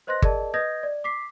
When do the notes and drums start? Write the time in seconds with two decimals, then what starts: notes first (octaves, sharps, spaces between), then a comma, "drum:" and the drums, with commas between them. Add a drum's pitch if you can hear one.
0.07 B4 C5 D#5 C6 F#6 A#6
0.22 G#4 A#4 D5 D#5 A5, drum: kick G1
0.54 B4 D#5 D#6 G6 G#6 A#6
0.83 D5
1.04 D6 B6 C7